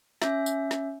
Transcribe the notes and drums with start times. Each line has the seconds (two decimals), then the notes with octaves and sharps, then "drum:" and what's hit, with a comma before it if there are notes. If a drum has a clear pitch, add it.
0.22 C#4 E5, drum: snare
0.46 drum: tambourine
0.71 drum: snare